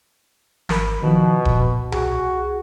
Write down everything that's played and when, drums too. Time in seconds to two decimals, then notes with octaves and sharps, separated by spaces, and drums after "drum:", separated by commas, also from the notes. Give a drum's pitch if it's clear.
0.69 G#1 A#4 B5, drum: snare
1.03 B2 D#3 F3
1.45 A#2, drum: kick D#1
1.92 F#4 G#4, drum: tom C2